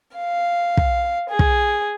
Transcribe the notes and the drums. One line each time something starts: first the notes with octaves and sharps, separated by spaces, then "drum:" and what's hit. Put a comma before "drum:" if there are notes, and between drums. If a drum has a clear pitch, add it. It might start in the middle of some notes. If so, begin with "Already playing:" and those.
F5
drum: kick
G#4
drum: kick